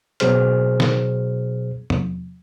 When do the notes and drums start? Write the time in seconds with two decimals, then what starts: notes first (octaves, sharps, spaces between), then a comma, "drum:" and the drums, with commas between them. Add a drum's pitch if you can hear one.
0.20 B2 F#3 G#4 C5 F6, drum: hi-hat
0.80 drum: snare
1.90 drum: tom